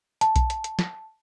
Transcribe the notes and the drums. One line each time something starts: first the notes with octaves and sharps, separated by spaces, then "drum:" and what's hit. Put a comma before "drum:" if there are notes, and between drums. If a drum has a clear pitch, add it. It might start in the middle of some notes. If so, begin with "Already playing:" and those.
A5, drum: hi-hat
drum: kick B1, hi-hat
drum: hi-hat
drum: hi-hat
drum: snare